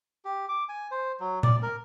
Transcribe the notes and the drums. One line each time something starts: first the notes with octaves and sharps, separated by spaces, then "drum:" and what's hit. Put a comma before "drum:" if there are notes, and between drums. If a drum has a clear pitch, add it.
G4
D6
G#5
C5
F#3
D5, drum: tom A#2
A#4